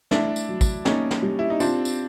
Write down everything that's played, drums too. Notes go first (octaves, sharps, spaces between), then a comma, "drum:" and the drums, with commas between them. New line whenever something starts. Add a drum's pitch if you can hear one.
A3 D4 E4, drum: snare
drum: tambourine
F#3
drum: kick, tambourine
A#3 C#4 D#4, drum: snare
drum: snare
G3
E4
D#4
C4 D4 F4, drum: tambourine
drum: tambourine